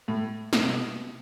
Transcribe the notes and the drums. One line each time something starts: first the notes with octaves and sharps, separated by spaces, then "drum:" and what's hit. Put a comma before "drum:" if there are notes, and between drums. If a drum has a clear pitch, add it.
A2
B2, drum: snare
C3
B2